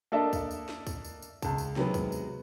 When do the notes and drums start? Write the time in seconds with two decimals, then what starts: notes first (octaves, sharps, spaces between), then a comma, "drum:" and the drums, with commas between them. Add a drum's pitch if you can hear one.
0.12 A#3 D4 A4 D#5 E5 A5
0.33 drum: kick, tambourine
0.51 drum: tambourine
0.69 drum: snare
0.87 drum: kick, tambourine
1.05 drum: tambourine
1.22 drum: tambourine
1.42 C#2 A5, drum: kick, tambourine
1.58 drum: tambourine
1.76 C3 D#3 F#3 G#3 B3, drum: snare
1.94 drum: kick, tambourine
2.12 drum: tambourine